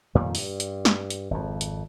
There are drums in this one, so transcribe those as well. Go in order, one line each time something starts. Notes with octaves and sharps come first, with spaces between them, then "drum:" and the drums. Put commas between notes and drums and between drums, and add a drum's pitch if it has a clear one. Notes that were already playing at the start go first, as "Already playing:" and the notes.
F2 A#2 D#3 G3
G2, drum: open hi-hat
drum: hi-hat
drum: snare
drum: hi-hat
G#1 F2
drum: hi-hat